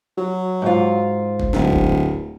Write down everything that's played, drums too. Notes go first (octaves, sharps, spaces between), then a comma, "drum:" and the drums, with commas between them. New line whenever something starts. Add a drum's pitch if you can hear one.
F#3
G#2 F4
drum: kick
D1, drum: snare
drum: kick